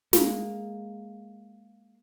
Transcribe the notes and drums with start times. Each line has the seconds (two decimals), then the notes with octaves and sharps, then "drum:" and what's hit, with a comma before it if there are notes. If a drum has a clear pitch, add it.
0.13 G#3 A#3, drum: snare